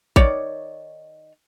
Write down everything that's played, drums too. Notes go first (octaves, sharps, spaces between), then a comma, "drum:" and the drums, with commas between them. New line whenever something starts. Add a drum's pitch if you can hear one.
D#3 C#5 D5, drum: kick A1